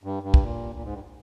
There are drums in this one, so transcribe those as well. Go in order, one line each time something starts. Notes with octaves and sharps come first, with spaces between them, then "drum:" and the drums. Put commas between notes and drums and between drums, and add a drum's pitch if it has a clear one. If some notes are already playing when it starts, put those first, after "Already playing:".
G2
G2
drum: kick
A#2
A#2
G#2
G2